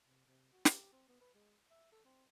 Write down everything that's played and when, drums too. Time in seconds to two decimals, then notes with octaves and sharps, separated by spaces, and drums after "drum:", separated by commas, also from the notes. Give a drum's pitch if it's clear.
0.06 C3
0.26 C3
0.53 F#4
0.65 G4, drum: snare
0.93 C4
1.08 B3
1.21 B4
1.34 G#3
1.70 E5
1.92 A4
2.05 C4